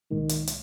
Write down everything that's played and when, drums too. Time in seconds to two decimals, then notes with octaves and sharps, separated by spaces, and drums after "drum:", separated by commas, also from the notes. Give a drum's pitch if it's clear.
0.11 C2 A#2 D#3 G#3
0.29 drum: hi-hat
0.47 drum: hi-hat